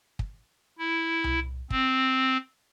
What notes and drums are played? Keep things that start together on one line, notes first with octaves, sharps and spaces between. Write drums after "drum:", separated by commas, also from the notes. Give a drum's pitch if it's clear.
drum: kick
E4
drum: tom C2
C4, drum: kick